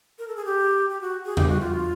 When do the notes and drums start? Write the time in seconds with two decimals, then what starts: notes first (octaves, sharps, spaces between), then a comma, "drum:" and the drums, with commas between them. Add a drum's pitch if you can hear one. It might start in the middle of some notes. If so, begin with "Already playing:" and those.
0.19 A#4
0.28 A4
0.36 G#4
0.45 G4
0.89 G4
1.01 F#4
1.25 G#4
1.37 G4, drum: tom
1.48 F#4
1.60 F4